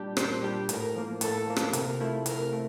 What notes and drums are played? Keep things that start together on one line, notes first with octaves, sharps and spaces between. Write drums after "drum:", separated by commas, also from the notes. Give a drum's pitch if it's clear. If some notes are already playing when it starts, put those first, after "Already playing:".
Already playing: A#2 G3 D4 G4
A#2 C5, drum: rim click
G3 D4 G4
A2 A#4, drum: hi-hat
F3 A#3
A2 A4, drum: hi-hat
F3 A#3
drum: rim click
C3 A#4, drum: hi-hat
F3 A3 E4
C3 A#4, drum: hi-hat
F3 A3